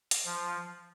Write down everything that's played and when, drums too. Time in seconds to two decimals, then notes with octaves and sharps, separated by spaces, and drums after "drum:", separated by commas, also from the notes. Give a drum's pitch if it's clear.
0.11 drum: hi-hat
0.25 F3